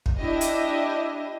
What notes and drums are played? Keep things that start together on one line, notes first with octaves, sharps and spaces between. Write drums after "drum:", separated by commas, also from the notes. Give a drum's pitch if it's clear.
drum: kick
D4 E4 G4 D#5
drum: hi-hat